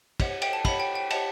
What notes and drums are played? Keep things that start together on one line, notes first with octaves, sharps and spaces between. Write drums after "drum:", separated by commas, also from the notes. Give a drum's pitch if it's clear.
G4 C#5 F#5, drum: kick, cymbal
G5, drum: cymbal
A5
G4 C#5 F#5 B5, drum: kick, cymbal
G5
G5
G4 C#5 F#5 A5, drum: cymbal